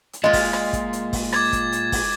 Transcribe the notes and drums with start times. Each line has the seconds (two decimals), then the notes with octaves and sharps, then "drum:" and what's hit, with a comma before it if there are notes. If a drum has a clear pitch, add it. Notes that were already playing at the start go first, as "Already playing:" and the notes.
0.13 drum: hi-hat
0.24 A#2 G#3 F4 D#5
0.33 drum: kick, open hi-hat
0.53 drum: rim click
0.73 drum: kick, hi-hat
0.93 drum: hi-hat
1.13 drum: kick, open hi-hat
1.33 D6 G#6 A6, drum: rim click
1.53 drum: kick, hi-hat
1.72 drum: hi-hat
1.92 drum: kick, open hi-hat